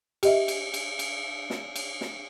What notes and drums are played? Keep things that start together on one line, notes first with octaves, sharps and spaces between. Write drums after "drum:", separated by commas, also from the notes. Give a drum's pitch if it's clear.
G4 D#5 E5, drum: cymbal
drum: cymbal
drum: cymbal
drum: cymbal
drum: snare
drum: cymbal
drum: snare